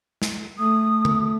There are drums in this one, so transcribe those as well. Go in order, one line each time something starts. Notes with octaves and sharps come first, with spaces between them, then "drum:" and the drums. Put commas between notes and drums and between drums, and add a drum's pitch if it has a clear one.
drum: snare
A3 D#6
drum: tom D3